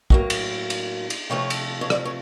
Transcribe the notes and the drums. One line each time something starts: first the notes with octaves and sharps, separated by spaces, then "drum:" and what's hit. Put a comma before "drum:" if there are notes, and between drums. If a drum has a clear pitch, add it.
A2 F#3 A#3, drum: kick
drum: cymbal
drum: cymbal
drum: cymbal
C3 F3 A3 C#5
drum: cymbal
C#5
D5, drum: rim click
C#5